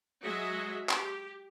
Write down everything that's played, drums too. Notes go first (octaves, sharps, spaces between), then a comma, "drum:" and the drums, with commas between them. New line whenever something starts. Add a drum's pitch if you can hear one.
F#3 G#3 F#4 G#4 D#5 E5
G4, drum: clap